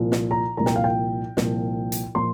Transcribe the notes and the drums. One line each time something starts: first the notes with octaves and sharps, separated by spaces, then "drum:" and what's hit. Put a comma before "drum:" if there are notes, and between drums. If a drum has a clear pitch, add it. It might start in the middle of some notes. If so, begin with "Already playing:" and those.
Already playing: C2 A#2 F3
drum: snare
A#5
C2 A#2 F3 A#5
G5, drum: snare
F5
G5
C2 A#2 F3, drum: snare
drum: hi-hat
A#2 F3 C6